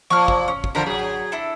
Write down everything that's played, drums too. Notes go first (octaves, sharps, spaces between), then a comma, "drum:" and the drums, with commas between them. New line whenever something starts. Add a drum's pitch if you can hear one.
A#2 F3 C#6 F6
drum: kick
C#4
drum: kick
D3 F3 A#4 B5
F#3 G#4
D4 E4 A4